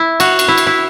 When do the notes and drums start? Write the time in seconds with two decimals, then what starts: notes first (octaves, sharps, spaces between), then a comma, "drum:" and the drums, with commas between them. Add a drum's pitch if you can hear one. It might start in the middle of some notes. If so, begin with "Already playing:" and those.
Already playing: E4
0.20 F#4, drum: cymbal
0.39 drum: cymbal
0.48 E4
0.58 drum: cymbal
0.67 E4